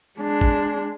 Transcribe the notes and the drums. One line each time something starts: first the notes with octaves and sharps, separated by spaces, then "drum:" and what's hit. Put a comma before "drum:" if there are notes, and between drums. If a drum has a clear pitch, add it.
G#3 D4
drum: kick G#1